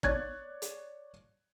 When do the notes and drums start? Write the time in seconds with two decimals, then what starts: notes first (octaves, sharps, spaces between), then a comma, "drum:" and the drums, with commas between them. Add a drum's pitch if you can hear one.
0.03 C#5 D5 F#6 G#6 A6, drum: kick
0.62 drum: hi-hat